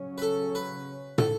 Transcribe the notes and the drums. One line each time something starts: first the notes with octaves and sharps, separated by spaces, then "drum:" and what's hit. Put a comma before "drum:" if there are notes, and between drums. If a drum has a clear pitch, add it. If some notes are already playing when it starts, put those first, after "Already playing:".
Already playing: C#3 F#3 C#4
B4
A4
B4
A4, drum: tom